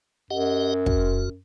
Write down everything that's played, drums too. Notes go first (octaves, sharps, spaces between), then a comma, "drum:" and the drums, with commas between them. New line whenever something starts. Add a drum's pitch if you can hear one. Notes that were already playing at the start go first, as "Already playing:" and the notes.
F#2 G4 D#5 F#5
F2 F#4, drum: kick